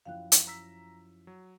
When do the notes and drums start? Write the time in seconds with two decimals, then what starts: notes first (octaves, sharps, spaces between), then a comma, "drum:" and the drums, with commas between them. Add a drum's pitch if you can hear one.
0.05 F#2 F3 E4 F5 G5 F#6
0.32 drum: hi-hat
0.47 A#5 E6 B6
1.27 F#3